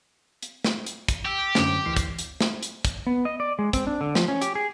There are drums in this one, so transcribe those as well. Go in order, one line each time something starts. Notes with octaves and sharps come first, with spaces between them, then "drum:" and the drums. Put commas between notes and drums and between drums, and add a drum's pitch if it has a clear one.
drum: hi-hat
drum: snare
drum: hi-hat
drum: kick, hi-hat
G4 G5 E6
F#2 D3 C#4, drum: snare
D2 E3 C7
drum: kick, hi-hat
drum: hi-hat
drum: snare
drum: hi-hat
drum: kick, hi-hat
B3
D#5
D5
G#3
C4, drum: kick, hi-hat
D4
D3
F3, drum: snare
C#4
G4, drum: hi-hat
G#4